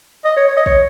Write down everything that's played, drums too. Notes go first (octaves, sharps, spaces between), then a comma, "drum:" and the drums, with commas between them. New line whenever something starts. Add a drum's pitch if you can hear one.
D#5
C#5
C#5
D#5
C#5, drum: kick